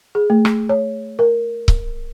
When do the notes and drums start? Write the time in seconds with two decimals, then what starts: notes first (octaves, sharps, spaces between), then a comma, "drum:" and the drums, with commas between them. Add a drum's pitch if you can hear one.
0.15 G#4
0.30 A3
0.45 drum: rim click
0.69 C#5
1.19 A#4
1.68 drum: kick C#1